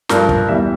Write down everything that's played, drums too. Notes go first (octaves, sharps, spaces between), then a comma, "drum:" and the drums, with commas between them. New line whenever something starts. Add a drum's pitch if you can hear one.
G2 F3 A#4, drum: snare
drum: kick
E2 E3 G3 E5